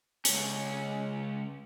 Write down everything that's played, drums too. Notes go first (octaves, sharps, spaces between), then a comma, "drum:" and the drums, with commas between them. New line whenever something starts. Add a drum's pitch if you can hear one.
C#2 C#4, drum: hi-hat